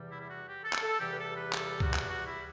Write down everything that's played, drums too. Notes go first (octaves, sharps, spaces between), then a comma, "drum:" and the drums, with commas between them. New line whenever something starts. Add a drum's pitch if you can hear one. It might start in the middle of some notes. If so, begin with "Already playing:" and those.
Already playing: E2 C3 E3 G3
E4
E4
F#4
G4
A4
drum: clap
A4
E2 C3 E3 G3 G4
B4
A4
B4
A4, drum: clap
F#4, drum: kick C#2
drum: clap
F#4
E4